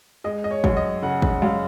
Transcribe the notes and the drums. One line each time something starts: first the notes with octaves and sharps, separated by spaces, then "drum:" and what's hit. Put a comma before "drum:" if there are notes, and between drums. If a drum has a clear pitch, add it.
G#3 D#5
D#5
C#5
F#2, drum: kick
D#5
C#3 F#5
F#5, drum: kick
F#2 F5